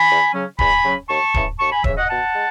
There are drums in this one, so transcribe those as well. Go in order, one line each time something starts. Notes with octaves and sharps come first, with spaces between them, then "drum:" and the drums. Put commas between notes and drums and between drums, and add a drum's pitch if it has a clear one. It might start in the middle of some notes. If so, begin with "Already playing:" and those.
Already playing: G#5 B5
E2
C#3 F#3 C#4
E2 G#5 B5, drum: kick D1
C#3 F#3 C#4
D#2 A5 C#6
C#3 E3, drum: kick D1
D#2 A5 C#6
G#5 B5
C#3 E3 C#5 E5, drum: kick D1
D#5 F#5
B2 F#5 A5
G#3